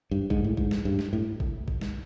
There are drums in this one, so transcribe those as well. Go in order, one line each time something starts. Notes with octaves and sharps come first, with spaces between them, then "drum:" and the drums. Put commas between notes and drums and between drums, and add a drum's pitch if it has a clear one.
G2
G#2, drum: kick G#1
A2
G#2, drum: kick G#1
drum: snare
G2
drum: snare
A2
drum: kick G#1
drum: kick G#1
drum: snare